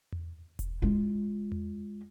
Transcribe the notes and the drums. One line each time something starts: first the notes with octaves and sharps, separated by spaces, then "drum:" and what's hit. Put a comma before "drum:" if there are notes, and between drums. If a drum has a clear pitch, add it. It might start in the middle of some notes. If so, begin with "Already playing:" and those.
drum: tom E2
drum: kick E1, hi-hat
G#3 F4
drum: tom E2